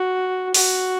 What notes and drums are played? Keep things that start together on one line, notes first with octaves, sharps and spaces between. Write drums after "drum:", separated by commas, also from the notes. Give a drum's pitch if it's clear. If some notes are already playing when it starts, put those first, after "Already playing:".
Already playing: F#4
F#4, drum: open hi-hat